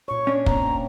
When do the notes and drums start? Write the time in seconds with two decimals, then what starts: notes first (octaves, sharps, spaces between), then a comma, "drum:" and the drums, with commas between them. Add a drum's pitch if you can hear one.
0.08 A#2 C#5 C#6
0.27 C#4 D4
0.46 A#3 C4 A#5, drum: kick